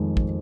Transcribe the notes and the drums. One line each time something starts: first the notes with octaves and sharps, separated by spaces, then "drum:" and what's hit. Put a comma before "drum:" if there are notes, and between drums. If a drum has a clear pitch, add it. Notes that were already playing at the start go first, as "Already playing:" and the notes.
Already playing: F2 D#3 G#3
drum: kick